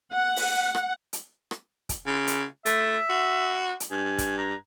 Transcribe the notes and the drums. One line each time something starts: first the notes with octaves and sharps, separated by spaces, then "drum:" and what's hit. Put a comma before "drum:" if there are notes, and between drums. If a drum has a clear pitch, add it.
F#5
drum: open hi-hat
drum: rim click
drum: hi-hat
drum: rim click
drum: kick, hi-hat
C#3
drum: hi-hat
A3 E5, drum: hi-hat
F#4
drum: hi-hat
G2 G#5
drum: kick, hi-hat
A#5